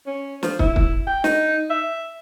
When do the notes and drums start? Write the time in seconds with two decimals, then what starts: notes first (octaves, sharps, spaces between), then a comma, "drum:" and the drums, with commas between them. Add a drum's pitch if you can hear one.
0.06 C#4
0.43 F3, drum: snare
0.59 E4, drum: kick
0.76 drum: kick
1.07 G5
1.24 D#4, drum: snare
1.70 E5